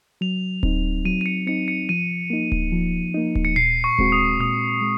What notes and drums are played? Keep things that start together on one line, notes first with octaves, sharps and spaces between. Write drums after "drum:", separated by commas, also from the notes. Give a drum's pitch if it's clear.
F#3 F7
C4 D#4, drum: kick D1
F#3 D#7
D#7
C#7
C4 D#4 C#7
C#7
F3 D#7
A#3 D#4
drum: kick D1
F3
A#3 D#4
drum: kick D1
C#7
A#2 C7
C#6
G#3 C4 F#4, drum: kick D1
D#6
A#2 D#6
G#3